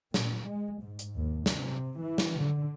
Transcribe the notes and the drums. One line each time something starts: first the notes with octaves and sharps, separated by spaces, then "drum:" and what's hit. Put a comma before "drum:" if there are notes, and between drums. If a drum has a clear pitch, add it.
A#2, drum: snare
G#3
G#2
drum: hi-hat
D#2
C3, drum: snare
E3
drum: snare
D3